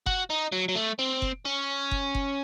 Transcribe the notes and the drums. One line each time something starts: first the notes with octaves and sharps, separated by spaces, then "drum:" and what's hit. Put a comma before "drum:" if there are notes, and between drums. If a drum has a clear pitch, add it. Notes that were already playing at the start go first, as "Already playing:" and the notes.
F#4, drum: kick F#1
D#4
F#3
F#3
A3
C4
drum: kick F#1
C#4
drum: kick F#1
drum: kick F#1